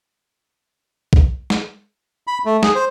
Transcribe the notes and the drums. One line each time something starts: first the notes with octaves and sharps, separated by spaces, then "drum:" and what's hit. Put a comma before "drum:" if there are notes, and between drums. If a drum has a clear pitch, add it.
drum: kick
drum: snare
B5
A3
G#4, drum: snare
C5